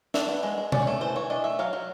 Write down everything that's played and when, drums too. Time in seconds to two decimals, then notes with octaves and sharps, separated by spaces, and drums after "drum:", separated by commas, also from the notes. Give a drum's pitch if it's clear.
0.14 D4 E5, drum: snare
0.29 B3
0.43 G#3
0.58 G#3
0.72 C#4 D5, drum: tom B2
0.82 C#5
0.87 A3
1.01 E3 C5
1.16 E3 C#5
1.30 D4 D#5
1.44 A3 E5
1.59 F#3 F5
1.73 F#3